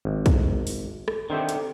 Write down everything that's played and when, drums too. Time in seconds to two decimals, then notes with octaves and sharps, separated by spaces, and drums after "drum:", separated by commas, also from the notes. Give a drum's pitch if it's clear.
0.05 G#1
0.26 drum: kick, hi-hat
0.67 drum: open hi-hat
1.08 drum: rim click
1.30 D3 D#3 C4 G4 C5 E5
1.49 drum: hi-hat